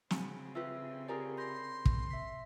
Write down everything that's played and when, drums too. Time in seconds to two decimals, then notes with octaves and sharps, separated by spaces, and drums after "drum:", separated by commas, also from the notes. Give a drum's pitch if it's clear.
0.11 C#3 C4 F#4 G#5 B5, drum: snare
0.55 F4 G4 B4 E5 E6
1.08 F4 G4 G#4 A#4 D5 G#5
1.37 B5 C6 G6 A#6
1.85 drum: kick
2.11 E5 B6